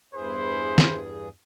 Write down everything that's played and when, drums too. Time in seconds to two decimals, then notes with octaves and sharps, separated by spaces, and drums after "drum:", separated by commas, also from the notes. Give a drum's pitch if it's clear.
0.14 E2 G2 E4 G#4 B4 C5
0.78 drum: snare